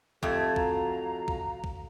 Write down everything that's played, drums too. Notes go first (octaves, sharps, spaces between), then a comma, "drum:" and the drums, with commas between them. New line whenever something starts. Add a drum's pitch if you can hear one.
F2 A3 G4 A4 G#6, drum: kick
F#4 F5 A#5, drum: kick
drum: kick
drum: kick